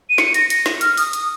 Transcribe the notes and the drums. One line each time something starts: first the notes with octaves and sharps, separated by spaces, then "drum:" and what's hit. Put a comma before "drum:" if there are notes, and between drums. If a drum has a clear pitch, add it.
D#7
C#7, drum: snare
A#6, drum: hi-hat
A#6, drum: hi-hat
drum: snare
F6, drum: hi-hat
D#6, drum: open hi-hat
D#6, drum: hi-hat